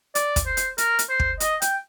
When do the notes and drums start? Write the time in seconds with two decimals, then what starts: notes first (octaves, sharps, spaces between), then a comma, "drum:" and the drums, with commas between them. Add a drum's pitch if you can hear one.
0.15 D5, drum: hi-hat
0.36 drum: kick, hi-hat
0.46 C5
0.57 drum: hi-hat
0.78 A#4, drum: hi-hat
0.99 drum: hi-hat
1.09 C5
1.20 drum: kick
1.40 D#5, drum: hi-hat
1.62 G5, drum: hi-hat